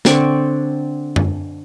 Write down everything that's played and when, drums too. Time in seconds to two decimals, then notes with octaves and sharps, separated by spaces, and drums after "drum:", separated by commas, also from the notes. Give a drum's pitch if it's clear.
0.05 D3 C4 D5 C#6, drum: snare
1.16 drum: tom F#2